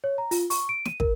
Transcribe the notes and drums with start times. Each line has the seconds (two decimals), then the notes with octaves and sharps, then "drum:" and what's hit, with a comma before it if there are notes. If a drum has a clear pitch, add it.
0.04 C#5
0.18 A#5
0.31 F4, drum: open hi-hat
0.50 C#6, drum: open hi-hat
0.69 D7
0.85 D#7, drum: snare
1.00 A#4, drum: kick